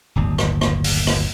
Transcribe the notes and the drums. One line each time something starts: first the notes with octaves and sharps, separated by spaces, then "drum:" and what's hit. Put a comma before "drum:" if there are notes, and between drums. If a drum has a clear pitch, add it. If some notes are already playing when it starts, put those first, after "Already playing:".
D1 G1 D#2
drum: rim click
drum: rim click
drum: open hi-hat
drum: rim click